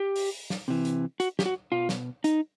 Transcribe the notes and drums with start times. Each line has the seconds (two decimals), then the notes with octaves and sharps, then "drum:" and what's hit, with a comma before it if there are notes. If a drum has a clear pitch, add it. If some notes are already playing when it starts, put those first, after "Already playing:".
Already playing: G4
0.16 drum: open hi-hat
0.50 drum: snare
0.68 C3 E3
0.85 drum: hi-hat
1.20 F#4, drum: hi-hat
1.39 G4, drum: snare
1.46 F#4
1.72 B2 F4
1.89 drum: snare
2.24 D#4, drum: hi-hat